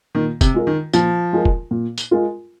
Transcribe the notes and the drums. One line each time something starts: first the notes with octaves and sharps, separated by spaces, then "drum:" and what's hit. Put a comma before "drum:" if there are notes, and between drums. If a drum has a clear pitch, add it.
A#2 D#3
C3, drum: kick E1, tambourine
G#3 F4 A#4
D#3
A#2 F3, drum: tambourine
G#3 F4 A#4
drum: kick E1
A#2
drum: tambourine
G#3 F4 A#4